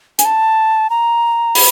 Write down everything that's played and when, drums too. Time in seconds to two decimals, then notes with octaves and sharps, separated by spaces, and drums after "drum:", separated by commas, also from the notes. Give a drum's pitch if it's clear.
0.19 G#5, drum: hi-hat
0.25 A5
0.90 A#5
1.55 B5, drum: open hi-hat